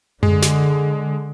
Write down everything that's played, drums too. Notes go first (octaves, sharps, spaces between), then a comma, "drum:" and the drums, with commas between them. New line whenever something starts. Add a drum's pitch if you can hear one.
D3 G#3, drum: tom F#2
drum: snare